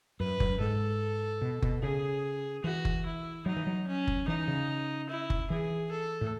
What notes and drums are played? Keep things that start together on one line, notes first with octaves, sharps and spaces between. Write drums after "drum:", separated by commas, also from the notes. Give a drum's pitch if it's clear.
F#2 B4
F#2, drum: kick F#1
G#2 A4
B2
B2, drum: kick F#1
C#3 G#4
E3 F#4
drum: kick F#1
E4
F#3 D#4
E3
F#3
C#4
drum: kick F#1
E3 D#4
C#3
E4
drum: kick F#1
E3 G#4
A4
A2